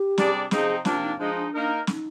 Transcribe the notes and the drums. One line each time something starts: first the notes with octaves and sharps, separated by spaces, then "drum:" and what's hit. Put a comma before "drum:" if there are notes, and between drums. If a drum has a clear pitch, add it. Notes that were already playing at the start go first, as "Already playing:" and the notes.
Already playing: G4
C3 G3 D4 G#4 D5, drum: snare
C3 F3 C4 D#4 G#4, drum: snare
C3 F3 A#3 D4 F4, drum: snare
D#4
F3 G#3 D4 D#4
D4
A#3 D#4 A#4
D#4, drum: snare